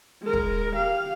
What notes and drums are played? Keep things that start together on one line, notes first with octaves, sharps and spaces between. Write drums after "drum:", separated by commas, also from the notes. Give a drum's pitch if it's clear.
G#3 A#4
drum: kick
G4 F5